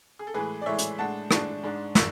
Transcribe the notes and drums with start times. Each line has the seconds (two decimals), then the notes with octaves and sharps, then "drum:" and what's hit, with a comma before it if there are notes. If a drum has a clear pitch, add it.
0.19 G#4
0.27 A4
0.34 A2 E3 G#3 G#4 B4
0.61 D5
0.66 A2 E3 G#3 C#5 E5
0.78 drum: hi-hat
0.99 A2 G#3 D4 F#5 A5
1.31 A2 G#3 D4 A5 C#6, drum: rim click
1.64 G#2 G#3 D4
1.95 C#6 E6, drum: snare